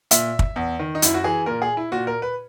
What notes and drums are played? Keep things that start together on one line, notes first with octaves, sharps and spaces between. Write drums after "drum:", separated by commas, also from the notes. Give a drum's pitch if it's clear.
A#2 E5, drum: hi-hat
drum: kick
E2
D#3
D#4
F#2 E4, drum: hi-hat
F#4
E3 G#4
A#2 A#4
G#4
E4
A#2 F#4
A#4
B4